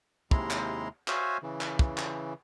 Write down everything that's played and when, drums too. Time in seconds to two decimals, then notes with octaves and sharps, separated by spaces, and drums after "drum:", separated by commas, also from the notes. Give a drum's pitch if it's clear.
0.31 D#2 C3 G#3 E4 A#5 C6, drum: kick
0.51 drum: clap
1.08 F#4 C5 C#5 E5 F5 G#5, drum: clap
1.43 C#3 E3
1.61 drum: clap
1.79 drum: kick
1.98 drum: clap